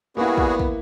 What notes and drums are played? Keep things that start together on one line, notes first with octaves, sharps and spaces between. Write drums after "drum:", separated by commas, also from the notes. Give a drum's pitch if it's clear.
G3 A#3 B3 E4 F#4 G#4
drum: kick
drum: kick